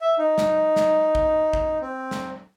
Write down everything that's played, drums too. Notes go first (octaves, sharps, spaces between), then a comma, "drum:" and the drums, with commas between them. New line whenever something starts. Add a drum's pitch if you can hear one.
E5
D#4
drum: snare
drum: snare
drum: kick A1
drum: kick A1
C4
drum: snare